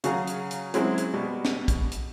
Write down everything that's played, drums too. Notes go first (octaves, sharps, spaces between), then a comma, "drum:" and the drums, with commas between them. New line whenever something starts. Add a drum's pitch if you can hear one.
C#3 F#3 F#4 G#4 F5 A#5, drum: hi-hat
drum: hi-hat
drum: hi-hat
F#3 G#3 C4 C#4 E4 G#4, drum: hi-hat
drum: hi-hat
B2 G3 G#3
drum: snare
drum: kick, hi-hat
drum: hi-hat